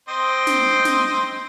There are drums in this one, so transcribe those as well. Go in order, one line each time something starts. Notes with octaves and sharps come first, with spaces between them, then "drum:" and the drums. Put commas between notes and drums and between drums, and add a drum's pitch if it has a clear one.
C4 C5 D#5
drum: snare
drum: snare